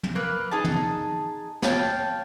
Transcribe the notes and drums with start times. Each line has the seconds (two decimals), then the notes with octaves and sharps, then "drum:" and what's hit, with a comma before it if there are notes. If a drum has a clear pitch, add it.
0.03 drum: tom
0.15 A#3 B4 E6 F#6
0.51 D#4 G#4 D#5 A5
0.64 drum: tom
1.62 C#5 F5 G5 A5, drum: snare